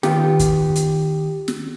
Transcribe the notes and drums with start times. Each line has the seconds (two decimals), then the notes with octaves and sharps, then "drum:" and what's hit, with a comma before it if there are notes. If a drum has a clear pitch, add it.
0.03 D#3 B3 F4 G4, drum: snare
0.39 drum: kick, hi-hat
0.75 drum: hi-hat
1.48 drum: snare